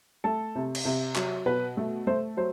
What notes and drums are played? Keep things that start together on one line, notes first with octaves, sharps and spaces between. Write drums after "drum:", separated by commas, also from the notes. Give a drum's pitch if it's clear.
A3 A4
C3
drum: cymbal
C3
F#3, drum: clap
B2 B4
A3
A3 C5
F#3 C5